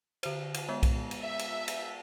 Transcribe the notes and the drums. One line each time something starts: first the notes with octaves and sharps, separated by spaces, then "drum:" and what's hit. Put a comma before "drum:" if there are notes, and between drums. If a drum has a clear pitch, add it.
D3 C5, drum: cymbal
drum: cymbal
G#3 B3
drum: kick B1, cymbal
drum: cymbal
E5
drum: cymbal
drum: cymbal